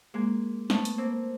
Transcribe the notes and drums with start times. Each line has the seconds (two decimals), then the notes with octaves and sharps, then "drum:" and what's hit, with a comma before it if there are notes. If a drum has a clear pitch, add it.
0.14 G#3 A#3
0.70 A3 B3, drum: snare
0.85 drum: hi-hat
0.98 A#3 C4